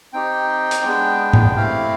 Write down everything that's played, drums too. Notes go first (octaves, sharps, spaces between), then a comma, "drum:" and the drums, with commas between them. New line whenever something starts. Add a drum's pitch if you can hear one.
C4 D#4 G4 G5
drum: hi-hat
G#3 B3 D4
drum: tom G#2
A3 C4 E4 G4 F5